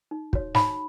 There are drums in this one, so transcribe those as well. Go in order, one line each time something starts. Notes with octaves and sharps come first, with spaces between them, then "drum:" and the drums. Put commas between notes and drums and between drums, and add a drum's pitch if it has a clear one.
D#4
F#4 C#5, drum: kick
D#4 B5, drum: snare